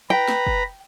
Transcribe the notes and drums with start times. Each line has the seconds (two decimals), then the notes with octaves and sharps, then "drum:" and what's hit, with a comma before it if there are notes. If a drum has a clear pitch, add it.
0.10 B4 G5 A#5 B5
0.28 drum: snare
0.47 drum: kick